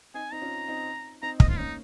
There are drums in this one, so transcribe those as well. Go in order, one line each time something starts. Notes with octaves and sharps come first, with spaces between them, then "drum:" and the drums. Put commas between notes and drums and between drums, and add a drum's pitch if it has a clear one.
C4 D#4 G#5
C4 D#4 A#5
C#4 F4
C4 D#4
C4 D#4 A#5
A#3 D#5, drum: kick
C4 F4
A#3 C#4 D#4